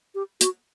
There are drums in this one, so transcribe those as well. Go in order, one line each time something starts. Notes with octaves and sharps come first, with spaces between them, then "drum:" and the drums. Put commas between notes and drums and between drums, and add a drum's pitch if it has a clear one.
G4
F#4, drum: hi-hat